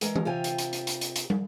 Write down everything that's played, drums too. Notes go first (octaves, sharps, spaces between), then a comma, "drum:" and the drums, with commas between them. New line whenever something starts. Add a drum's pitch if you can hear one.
E3 G#3 A#4, drum: hi-hat
drum: tom E3
C3 F4 G4 G#5
drum: hi-hat
drum: hi-hat
drum: hi-hat
drum: hi-hat
drum: hi-hat
drum: hi-hat
drum: tom